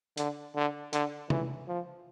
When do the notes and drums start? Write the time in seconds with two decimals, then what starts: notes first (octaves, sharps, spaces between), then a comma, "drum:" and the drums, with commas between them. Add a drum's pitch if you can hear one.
0.17 D3, drum: hi-hat
0.56 D3
0.93 D3, drum: hi-hat
1.30 E3, drum: tom
1.68 F3